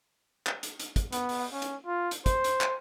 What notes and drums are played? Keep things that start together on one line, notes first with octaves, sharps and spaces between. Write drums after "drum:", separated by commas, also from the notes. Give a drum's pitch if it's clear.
drum: clap
drum: hi-hat
drum: hi-hat
drum: kick, hi-hat
B3, drum: hi-hat
drum: open hi-hat
C#4
drum: hi-hat
F4
drum: hi-hat
C5, drum: kick, hi-hat
drum: hi-hat
drum: clap